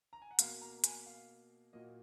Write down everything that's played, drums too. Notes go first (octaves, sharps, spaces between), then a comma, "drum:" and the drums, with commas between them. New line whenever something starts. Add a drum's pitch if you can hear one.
A#5
G#5
F#5
B2 A#3 F5, drum: hi-hat
A#5
G#5, drum: hi-hat
F5
A#2 F#3 A#3 D#5